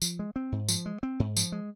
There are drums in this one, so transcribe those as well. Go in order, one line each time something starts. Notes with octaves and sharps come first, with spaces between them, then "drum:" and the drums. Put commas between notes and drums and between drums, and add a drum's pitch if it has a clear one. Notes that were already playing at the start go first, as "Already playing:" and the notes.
F3, drum: tambourine
G#3
C4
G#2
F3, drum: tambourine
G#3
C4
G#2
F3, drum: tambourine
G#3